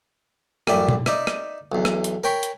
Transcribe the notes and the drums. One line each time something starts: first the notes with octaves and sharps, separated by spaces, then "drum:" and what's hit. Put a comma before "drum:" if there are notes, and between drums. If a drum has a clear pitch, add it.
A1 F#2 G3 D5 E5, drum: rim click
drum: tom B2
D#4 D5 E5, drum: rim click
drum: rim click
B1 E2
drum: rim click
drum: hi-hat
A#4 C#5 G5 G#5 B5 C#6
drum: hi-hat